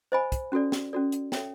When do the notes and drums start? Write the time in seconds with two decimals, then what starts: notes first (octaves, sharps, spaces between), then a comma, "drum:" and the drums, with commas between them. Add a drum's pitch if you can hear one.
0.12 C5 D#5 G#5 B5
0.32 drum: kick, hi-hat
0.52 C#4 F#4 A4 D5
0.72 drum: snare
0.93 C#4 F#4 A4 D5
1.12 drum: hi-hat
1.32 A4 C#5 E5 G5, drum: snare